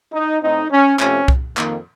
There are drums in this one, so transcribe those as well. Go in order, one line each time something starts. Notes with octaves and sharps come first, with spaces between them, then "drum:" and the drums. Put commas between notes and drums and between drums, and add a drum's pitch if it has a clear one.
D#4
A2 A3 C4 D#4
C#4
F2 C3 F3 A3 C4 C#4, drum: clap
drum: kick C2
F2 D#3 A#3, drum: clap